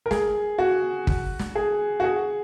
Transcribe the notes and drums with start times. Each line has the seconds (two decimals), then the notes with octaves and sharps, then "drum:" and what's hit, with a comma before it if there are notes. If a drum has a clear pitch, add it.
0.06 A#4
0.11 G#4, drum: snare
0.58 F#4
1.07 drum: kick
1.39 drum: snare
1.55 G#4
2.00 F#4
2.04 G#4